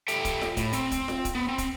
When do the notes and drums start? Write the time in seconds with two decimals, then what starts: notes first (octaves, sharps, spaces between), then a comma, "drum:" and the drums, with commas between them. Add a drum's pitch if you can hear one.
0.08 G4 A4 E5 G5, drum: hi-hat
0.25 drum: kick, hi-hat
0.41 drum: snare F4
0.57 A2, drum: kick, hi-hat
0.73 C4, drum: hi-hat
0.91 drum: kick, hi-hat
1.08 drum: snare F4
1.25 drum: kick, hi-hat
1.35 B3
1.48 C4
1.58 drum: kick, hi-hat